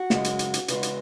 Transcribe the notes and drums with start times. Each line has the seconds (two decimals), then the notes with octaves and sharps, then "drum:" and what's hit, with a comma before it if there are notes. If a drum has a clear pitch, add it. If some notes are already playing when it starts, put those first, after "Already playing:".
Already playing: F#4
0.10 F#2 C#3 G#3, drum: snare
0.24 drum: hi-hat
0.39 drum: hi-hat
0.54 drum: hi-hat
0.68 E2 C#3 E3 G#3, drum: hi-hat
0.83 drum: hi-hat